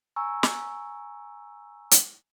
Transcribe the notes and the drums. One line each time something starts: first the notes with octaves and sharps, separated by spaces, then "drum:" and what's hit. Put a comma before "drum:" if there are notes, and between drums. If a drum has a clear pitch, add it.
G#5 A#5 C#6 E6
drum: snare
drum: hi-hat